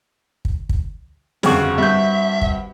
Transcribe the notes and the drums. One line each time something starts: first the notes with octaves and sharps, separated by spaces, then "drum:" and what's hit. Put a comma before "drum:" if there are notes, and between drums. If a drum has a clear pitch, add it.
drum: kick
drum: kick
G1 F2 C#3 C4 F#4, drum: snare
G2 E5 G6
drum: kick